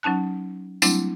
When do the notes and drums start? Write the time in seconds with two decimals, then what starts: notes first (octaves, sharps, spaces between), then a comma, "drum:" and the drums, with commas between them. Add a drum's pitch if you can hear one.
0.03 F#3 C#4 D#4 A5 F#6
0.82 F#3 G3 A3 C4 D4 E4, drum: tambourine